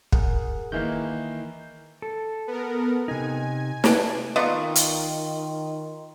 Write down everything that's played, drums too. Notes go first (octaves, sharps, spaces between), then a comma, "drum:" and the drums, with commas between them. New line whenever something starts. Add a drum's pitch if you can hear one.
G#4 A#4 F#5, drum: kick
D#3 E3 A#3 G6
A4
B3 A#4
C3 D#4 G#5
G#4 D5 A5, drum: snare
D#3 B3 F4 A#4 D5 D#5 C#6
drum: hi-hat